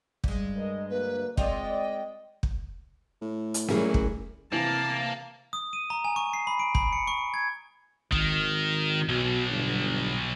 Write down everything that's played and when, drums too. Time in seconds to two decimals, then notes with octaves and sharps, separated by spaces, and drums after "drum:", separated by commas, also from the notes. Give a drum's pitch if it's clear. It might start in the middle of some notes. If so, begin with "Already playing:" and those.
0.24 G2 G#3, drum: kick
0.56 A#4 B4 D#5
0.90 D2 A#3 B4
1.37 G#3 C4 F4 D5 D#5 G5, drum: kick
2.43 drum: kick
3.22 A2
3.54 drum: hi-hat
3.68 E3 F#3 G3 A#3 C#4 G#4, drum: snare
3.94 drum: kick
4.52 C3 E3 A#3 A5 F#7
5.53 D#6
5.73 D#7
5.90 A#5
6.05 G#5
6.16 C#6
6.33 C7
6.47 B5
6.59 D7
6.75 B5, drum: kick
6.93 C#7
7.07 C#6
7.34 G#6
8.12 G#1 D#3, drum: kick
9.09 B1 B2
9.51 G1